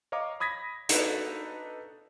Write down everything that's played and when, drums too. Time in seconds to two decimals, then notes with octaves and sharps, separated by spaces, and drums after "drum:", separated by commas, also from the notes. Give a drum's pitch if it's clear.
0.12 C#5 D#5 F5 A#5 D6
0.40 B5 D#6 G#6 A#6 B6
0.89 D4 D#4 F#4 A4 B4, drum: hi-hat